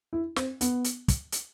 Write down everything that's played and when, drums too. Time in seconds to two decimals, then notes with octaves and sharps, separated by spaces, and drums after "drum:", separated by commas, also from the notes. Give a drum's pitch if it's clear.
0.13 E4
0.36 C4, drum: snare
0.61 B3, drum: hi-hat
0.84 drum: hi-hat
1.08 drum: kick, hi-hat
1.32 drum: hi-hat